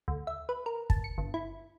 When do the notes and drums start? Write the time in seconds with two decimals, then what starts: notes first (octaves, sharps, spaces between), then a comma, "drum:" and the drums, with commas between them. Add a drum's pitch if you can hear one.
0.08 D2
0.27 E5
0.49 B4
0.66 A#4
0.90 A5, drum: kick
1.04 C#7
1.18 G1
1.34 E4